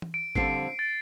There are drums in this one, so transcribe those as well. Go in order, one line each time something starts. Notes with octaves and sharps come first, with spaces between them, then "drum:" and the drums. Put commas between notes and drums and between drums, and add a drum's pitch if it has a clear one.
drum: tom E3
D7
F2 D3 G3 C4 A4 C7, drum: kick G#1
A6